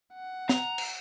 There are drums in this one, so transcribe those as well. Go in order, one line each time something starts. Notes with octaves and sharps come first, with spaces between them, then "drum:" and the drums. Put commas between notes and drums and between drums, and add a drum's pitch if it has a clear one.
F#5
A#5, drum: snare
drum: cymbal